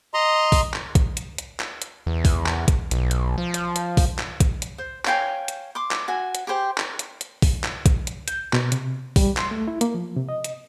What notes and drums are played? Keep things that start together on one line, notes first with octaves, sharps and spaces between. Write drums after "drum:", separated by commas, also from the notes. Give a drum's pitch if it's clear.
D#5 A#5 C6
drum: kick, open hi-hat
drum: clap
drum: kick, hi-hat
drum: hi-hat
drum: hi-hat
drum: clap
drum: hi-hat
E2
drum: kick, open hi-hat
drum: clap
drum: kick, hi-hat
B1, drum: hi-hat
drum: hi-hat
F3
drum: hi-hat
drum: hi-hat
drum: kick, open hi-hat
drum: clap
drum: kick, hi-hat
drum: hi-hat
C5
C#5 F5 G5 G#5, drum: clap
drum: hi-hat
C6 D6
drum: clap
F#4 G#5
drum: hi-hat
G4 G#4 C5 G5
drum: clap
drum: hi-hat
drum: hi-hat
drum: kick, open hi-hat
drum: clap
drum: kick, hi-hat
drum: hi-hat
G6, drum: hi-hat
B2, drum: clap
C3, drum: hi-hat
G3, drum: kick, open hi-hat
C6, drum: clap
A3
E4
A#3, drum: hi-hat
F3
C3
D#5
drum: hi-hat